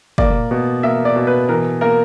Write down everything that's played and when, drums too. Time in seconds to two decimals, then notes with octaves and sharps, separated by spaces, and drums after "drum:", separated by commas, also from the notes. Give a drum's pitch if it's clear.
0.18 A#3 D5, drum: kick F#1
0.30 drum: tom
0.51 B2
0.83 A#3 E5
1.05 D5
1.16 B2
1.27 B4
1.49 E3 A#4
1.81 A#3 A#4